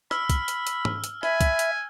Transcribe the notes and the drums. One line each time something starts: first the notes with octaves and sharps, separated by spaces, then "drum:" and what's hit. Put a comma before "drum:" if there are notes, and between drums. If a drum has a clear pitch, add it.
B5 E6 F6, drum: rim click
drum: kick, hi-hat
drum: hi-hat
drum: hi-hat
drum: tom
drum: hi-hat
E5 G#5 B5, drum: rim click
drum: kick, hi-hat
drum: hi-hat